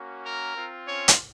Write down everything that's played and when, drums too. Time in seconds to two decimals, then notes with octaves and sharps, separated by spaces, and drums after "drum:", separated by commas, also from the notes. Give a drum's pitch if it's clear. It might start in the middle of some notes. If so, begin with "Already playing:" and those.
Already playing: A#3 C#4 F#4
0.23 A#4
0.54 C4 F4
0.86 C#4 C#5
1.08 drum: hi-hat